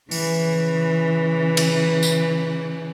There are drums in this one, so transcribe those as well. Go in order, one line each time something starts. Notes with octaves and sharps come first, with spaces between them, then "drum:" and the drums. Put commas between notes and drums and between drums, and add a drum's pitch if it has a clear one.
C#3 E3, drum: open hi-hat
drum: cymbal
drum: tambourine